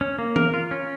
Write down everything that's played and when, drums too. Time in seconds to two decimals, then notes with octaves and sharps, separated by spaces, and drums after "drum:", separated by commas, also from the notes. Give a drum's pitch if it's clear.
0.01 C#4
0.19 A#3
0.36 A#4, drum: tom
0.54 F4
0.71 C#4